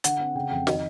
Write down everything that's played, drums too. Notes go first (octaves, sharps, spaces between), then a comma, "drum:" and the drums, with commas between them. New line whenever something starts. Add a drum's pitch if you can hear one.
D3 F#5, drum: hi-hat
C4
C#3 G5
F2 G5
D#3 D#5, drum: snare